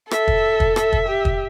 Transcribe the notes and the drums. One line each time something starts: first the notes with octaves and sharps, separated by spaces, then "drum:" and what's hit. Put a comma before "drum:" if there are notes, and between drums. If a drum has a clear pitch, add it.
A4 E5, drum: rim click
drum: kick
drum: kick
E5, drum: rim click
drum: kick
G4
drum: kick